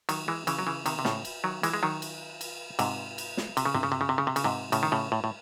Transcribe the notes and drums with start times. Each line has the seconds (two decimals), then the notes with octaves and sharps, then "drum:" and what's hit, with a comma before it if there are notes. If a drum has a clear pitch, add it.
0.09 D#3 F#3, drum: cymbal
0.28 E3 G#3
0.47 C#3 E3, drum: cymbal
0.59 F#3
0.67 C#3 E3
0.86 C3 D#3, drum: cymbal
0.99 C3
1.05 A2 C#3, drum: snare
1.25 drum: cymbal
1.44 D#3 F#3
1.63 E3 G#3, drum: cymbal
1.74 G#3
1.83 D#3 F#3
2.02 drum: cymbal
2.41 drum: cymbal
2.79 G#2 C3, drum: cymbal
3.18 drum: cymbal
3.37 drum: snare
3.57 C3, drum: cymbal
3.65 C#3
3.75 C3, drum: tom G2
3.83 C#3
3.92 C3
4.01 C#3
4.09 C3
4.18 C#3
4.27 C3
4.36 C#3, drum: cymbal
4.44 G#2 C3
4.72 A2 C#3, drum: cymbal
4.83 D#3
4.92 A2 C#3
5.12 A2
5.24 A2